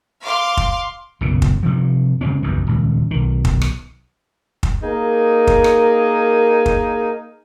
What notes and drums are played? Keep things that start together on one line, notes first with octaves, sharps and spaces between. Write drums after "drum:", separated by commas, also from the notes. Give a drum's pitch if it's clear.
F5 C6 D6
drum: kick
F#1 B1 A#2 C#3
drum: kick
G2 C3 F3
G2 C#3 C4 C#4
F#1 B1 E2 G2
D#1 C#2
B1 D#3
drum: kick
drum: rim click
drum: kick
A#3 D#4 G#4 A#4
drum: kick
drum: rim click
drum: kick